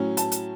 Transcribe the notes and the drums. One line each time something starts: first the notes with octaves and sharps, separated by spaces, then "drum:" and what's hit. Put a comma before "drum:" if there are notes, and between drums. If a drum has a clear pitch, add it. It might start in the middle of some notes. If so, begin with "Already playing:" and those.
Already playing: A2 F#3 C#4
A5, drum: hi-hat
drum: hi-hat